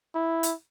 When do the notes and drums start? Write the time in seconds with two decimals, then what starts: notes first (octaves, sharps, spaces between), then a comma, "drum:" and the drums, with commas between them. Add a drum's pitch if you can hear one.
0.15 E4
0.43 drum: hi-hat